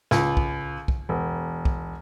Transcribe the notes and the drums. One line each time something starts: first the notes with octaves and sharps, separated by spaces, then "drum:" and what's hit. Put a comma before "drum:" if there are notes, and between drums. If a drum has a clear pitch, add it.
C#2, drum: snare
drum: kick
drum: kick
E1
drum: kick